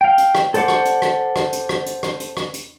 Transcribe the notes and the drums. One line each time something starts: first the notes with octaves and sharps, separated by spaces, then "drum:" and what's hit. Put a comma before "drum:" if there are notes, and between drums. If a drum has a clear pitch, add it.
F5 G5
drum: hi-hat
drum: rim click
A4 C5 D5 F#5 D6, drum: hi-hat
drum: rim click
drum: hi-hat
drum: rim click
drum: rim click
drum: hi-hat
drum: rim click
drum: hi-hat
drum: rim click
drum: hi-hat
drum: rim click
drum: hi-hat